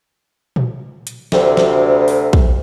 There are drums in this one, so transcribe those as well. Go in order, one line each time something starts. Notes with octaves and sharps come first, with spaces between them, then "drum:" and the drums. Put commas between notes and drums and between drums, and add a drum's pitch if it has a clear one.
drum: tom A#2
drum: hi-hat
D2 C3, drum: snare
drum: snare
drum: open hi-hat
drum: kick